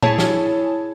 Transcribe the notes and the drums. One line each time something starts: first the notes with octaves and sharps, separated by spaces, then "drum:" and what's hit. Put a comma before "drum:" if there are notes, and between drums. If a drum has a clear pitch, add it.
E4 G#4 C#5 G#5 A5, drum: tom A#2
drum: snare